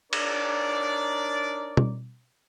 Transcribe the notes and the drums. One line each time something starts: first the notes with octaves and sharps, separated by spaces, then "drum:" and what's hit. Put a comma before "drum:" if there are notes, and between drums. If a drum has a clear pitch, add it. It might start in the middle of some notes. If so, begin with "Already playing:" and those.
D4 D#4 A#4 C#5 D5, drum: cymbal
drum: tom